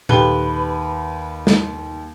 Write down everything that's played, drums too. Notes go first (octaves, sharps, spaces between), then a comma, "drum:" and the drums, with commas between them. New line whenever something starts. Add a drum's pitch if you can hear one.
D#2 G4 A4 B4 G5 G7, drum: tom A#2
drum: snare